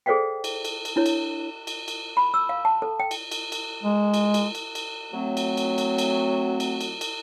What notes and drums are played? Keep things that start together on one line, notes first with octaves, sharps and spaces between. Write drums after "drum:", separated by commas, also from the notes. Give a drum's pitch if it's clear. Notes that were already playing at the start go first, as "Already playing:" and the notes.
G#4 A4 C5 D5 F5 G5
drum: cymbal
drum: cymbal
drum: cymbal
D4 E4 C#5
drum: cymbal
drum: cymbal
drum: cymbal
B5
E6
F5
A5
A4
G5
drum: cymbal
drum: cymbal
drum: cymbal
G#3
drum: cymbal
drum: cymbal
drum: cymbal
drum: cymbal
F#3 A3 C4
drum: cymbal
drum: cymbal
drum: cymbal
drum: cymbal
drum: cymbal
drum: cymbal
drum: cymbal